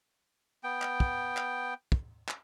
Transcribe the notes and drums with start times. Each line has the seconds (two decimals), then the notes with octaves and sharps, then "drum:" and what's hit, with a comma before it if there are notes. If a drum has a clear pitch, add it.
0.64 B3 G5
0.82 drum: clap
1.00 drum: kick
1.37 drum: clap
1.92 drum: kick
2.29 drum: clap